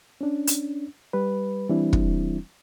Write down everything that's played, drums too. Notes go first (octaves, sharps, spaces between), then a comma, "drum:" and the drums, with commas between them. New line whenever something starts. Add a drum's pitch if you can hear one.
C#4 D4
drum: hi-hat
G3 B4
E3 G3 C4 D4 E4
drum: kick